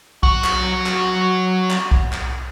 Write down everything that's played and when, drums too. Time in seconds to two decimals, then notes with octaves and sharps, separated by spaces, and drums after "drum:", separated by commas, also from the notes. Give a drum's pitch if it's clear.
0.23 F#3 F#4, drum: kick B1
0.44 drum: clap
0.86 drum: clap
1.70 drum: clap
1.91 drum: kick B1
2.13 drum: clap